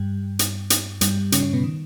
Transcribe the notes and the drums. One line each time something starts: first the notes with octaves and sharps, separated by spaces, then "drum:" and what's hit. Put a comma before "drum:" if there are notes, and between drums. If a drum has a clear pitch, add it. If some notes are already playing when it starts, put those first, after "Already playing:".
Already playing: G2 G3
drum: hi-hat
drum: hi-hat
G2 G3, drum: hi-hat
C#3 C#4, drum: hi-hat
C#3 C#4
B2 B3
D#3